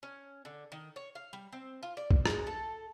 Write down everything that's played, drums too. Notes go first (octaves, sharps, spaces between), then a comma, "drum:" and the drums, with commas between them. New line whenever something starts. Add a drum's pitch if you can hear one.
C#4
D3
D#3
C#5
F5
G3
C4
F4
D5
drum: kick B1
G#3, drum: rim click
A4